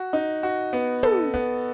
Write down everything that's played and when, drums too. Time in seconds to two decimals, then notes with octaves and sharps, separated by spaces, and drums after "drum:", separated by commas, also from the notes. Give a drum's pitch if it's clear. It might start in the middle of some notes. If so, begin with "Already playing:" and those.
Already playing: F#4
0.13 D#4
0.43 F#4
0.73 B3
1.03 A4, drum: tom
1.34 B3, drum: kick